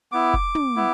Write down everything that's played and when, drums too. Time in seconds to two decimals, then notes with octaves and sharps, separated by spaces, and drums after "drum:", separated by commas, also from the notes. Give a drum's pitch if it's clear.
0.12 B3 E4 D6
0.34 drum: kick F1
0.55 drum: tom
0.76 B3 E4